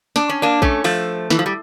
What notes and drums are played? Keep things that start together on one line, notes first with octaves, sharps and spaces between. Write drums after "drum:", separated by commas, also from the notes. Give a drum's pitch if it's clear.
D4, drum: snare
C#4
A#3 D4
A3 C#4, drum: kick A#1
F3 A3, drum: open hi-hat
E3, drum: snare
F3
G3